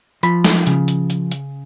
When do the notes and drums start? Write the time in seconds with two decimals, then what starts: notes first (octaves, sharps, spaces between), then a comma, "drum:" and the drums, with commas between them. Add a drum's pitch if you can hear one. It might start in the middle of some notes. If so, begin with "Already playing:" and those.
0.23 F3 B5, drum: hi-hat
0.44 drum: snare
0.67 C#3, drum: hi-hat
0.88 drum: hi-hat
1.10 drum: hi-hat
1.32 drum: hi-hat